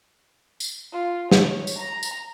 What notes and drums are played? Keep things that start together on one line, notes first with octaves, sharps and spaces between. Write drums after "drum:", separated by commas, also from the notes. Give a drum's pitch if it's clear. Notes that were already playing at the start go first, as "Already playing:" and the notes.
drum: tambourine
F4
C#5, drum: snare
drum: tambourine
A#5
drum: tambourine